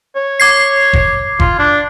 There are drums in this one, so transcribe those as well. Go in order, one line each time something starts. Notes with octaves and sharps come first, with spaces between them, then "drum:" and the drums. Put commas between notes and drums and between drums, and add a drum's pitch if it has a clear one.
C#5
D6 G#6 C7
drum: kick F#1
F4, drum: kick F#1
D4